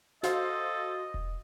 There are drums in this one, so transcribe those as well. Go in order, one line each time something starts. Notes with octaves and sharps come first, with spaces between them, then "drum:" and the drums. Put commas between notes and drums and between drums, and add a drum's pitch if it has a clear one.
F#4 A4 C5 D#5 F5, drum: snare
drum: kick E1